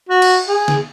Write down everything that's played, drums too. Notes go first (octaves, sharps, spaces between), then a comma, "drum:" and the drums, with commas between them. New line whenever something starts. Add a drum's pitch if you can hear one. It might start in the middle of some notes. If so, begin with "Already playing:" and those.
F#4
drum: cymbal
G#4
drum: snare